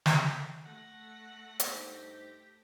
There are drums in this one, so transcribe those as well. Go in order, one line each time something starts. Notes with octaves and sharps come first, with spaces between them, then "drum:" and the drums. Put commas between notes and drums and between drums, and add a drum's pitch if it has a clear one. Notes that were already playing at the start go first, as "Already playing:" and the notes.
drum: snare
A3 F#5 A#6
G2 D#4 G4 C5, drum: hi-hat